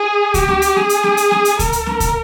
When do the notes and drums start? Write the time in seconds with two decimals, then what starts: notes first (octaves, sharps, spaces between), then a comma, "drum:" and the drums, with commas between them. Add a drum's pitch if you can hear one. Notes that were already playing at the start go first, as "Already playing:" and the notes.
Already playing: G#4
0.34 G4, drum: kick D2, hi-hat
0.48 drum: snare C4
0.62 drum: hi-hat
0.76 G#4, drum: snare C4
0.89 drum: hi-hat
1.03 drum: snare C4
1.17 drum: hi-hat
1.31 drum: snare C4
1.45 drum: hi-hat
1.59 A#4, drum: kick D2, hi-hat
1.73 drum: hi-hat
1.86 drum: snare C4
2.00 drum: kick D2, hi-hat